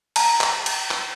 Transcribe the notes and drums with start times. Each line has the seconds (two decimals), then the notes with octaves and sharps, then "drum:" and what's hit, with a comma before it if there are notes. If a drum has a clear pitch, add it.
0.16 A5 A#5, drum: cymbal
0.41 drum: clap
0.66 drum: cymbal
0.91 drum: clap